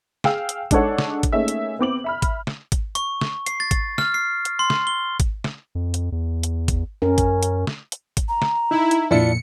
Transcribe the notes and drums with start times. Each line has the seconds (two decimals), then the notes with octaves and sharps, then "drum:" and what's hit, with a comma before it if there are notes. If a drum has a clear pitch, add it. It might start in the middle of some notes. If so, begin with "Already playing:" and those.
0.24 G#4 F5 G5 E6, drum: snare
0.49 drum: hi-hat
0.71 G#3 D4 D#4 A4 C#5 F#5, drum: kick G#1, hi-hat
0.98 drum: snare
1.23 drum: kick G#1, hi-hat
1.32 A3 A#3 C#4 D#4 G#4 E5
1.48 drum: hi-hat
1.79 B3 C4 D6 F#7
2.04 E5 B5 F6
2.22 drum: kick G#1, hi-hat
2.47 drum: snare
2.72 drum: kick G#1, hi-hat
2.95 C#6, drum: hi-hat
3.21 drum: snare
3.46 C7, drum: hi-hat
3.60 A6
3.71 drum: kick G#1, hi-hat
3.98 F6, drum: snare
4.14 C7
4.45 drum: hi-hat
4.59 C6
4.70 drum: snare
4.87 G7
5.20 drum: kick G#1, hi-hat
5.44 drum: snare
5.75 F2
5.94 drum: hi-hat
6.12 E2
6.43 drum: hi-hat
6.68 drum: kick G#1, hi-hat
7.02 F#2 C#4 A#4
7.18 drum: kick G#1, hi-hat
7.43 drum: hi-hat
7.67 drum: snare
7.92 drum: hi-hat
8.17 drum: kick G#1, hi-hat
8.28 A#5
8.42 drum: snare
8.71 D#4 E4
8.91 drum: hi-hat
9.11 F2 A#2 D4 E4 F4 C#7